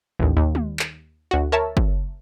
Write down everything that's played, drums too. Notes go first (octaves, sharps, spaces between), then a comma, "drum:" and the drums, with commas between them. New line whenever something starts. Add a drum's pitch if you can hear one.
A1 D#2
D#2
drum: tom
drum: clap
D2 F#4
A#4 C#5 E5 A5 A#5 E6
drum: kick